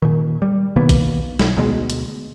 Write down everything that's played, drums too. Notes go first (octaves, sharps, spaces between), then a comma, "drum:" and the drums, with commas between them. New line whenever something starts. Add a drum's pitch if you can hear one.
A#2 D#3
G3
B2 D#3 A#3 B3
drum: kick, hi-hat
B1, drum: snare
D2 B2 F#3 G#3
drum: hi-hat